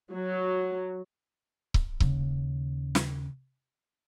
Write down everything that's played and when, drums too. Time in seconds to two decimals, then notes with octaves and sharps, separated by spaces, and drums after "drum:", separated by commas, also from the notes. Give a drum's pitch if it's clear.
0.12 F#3
1.74 drum: kick C#1
2.00 D#2 C#3, drum: kick C#1
2.95 drum: snare